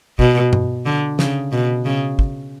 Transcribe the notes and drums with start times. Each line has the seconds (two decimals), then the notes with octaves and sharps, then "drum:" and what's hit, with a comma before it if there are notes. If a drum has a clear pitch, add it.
0.19 B2, drum: kick
0.53 drum: tom G2
0.86 D3
1.19 C#3, drum: snare
1.52 B2
1.85 C#3
2.19 drum: kick